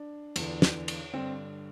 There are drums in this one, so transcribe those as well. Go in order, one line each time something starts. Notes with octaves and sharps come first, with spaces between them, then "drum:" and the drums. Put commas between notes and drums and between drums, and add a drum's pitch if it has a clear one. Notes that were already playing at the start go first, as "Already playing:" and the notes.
Already playing: D4
E2 D3, drum: cymbal
drum: snare
drum: cymbal
G2 D3 C4